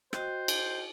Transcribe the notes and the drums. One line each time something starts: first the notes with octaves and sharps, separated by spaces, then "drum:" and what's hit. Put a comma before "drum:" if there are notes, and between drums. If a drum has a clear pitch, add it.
F#4 C5 D#5 G5, drum: rim click
drum: cymbal